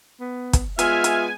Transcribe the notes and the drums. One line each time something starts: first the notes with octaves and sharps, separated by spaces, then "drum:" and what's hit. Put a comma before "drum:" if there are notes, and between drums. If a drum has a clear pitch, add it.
B3
drum: kick, hi-hat
G#3 B3 F4 E5 G#5 F6, drum: hi-hat
drum: hi-hat